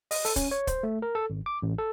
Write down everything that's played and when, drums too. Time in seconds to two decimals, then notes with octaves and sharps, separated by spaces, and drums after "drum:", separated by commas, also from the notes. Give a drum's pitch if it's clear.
0.11 D#5, drum: open hi-hat
0.25 A4, drum: open hi-hat
0.36 C#4, drum: kick, hi-hat
0.51 C#5
0.67 C5, drum: kick, hi-hat
0.83 A3
1.02 A#4
1.15 A4
1.30 G#1
1.46 D6
1.62 A1
1.78 A4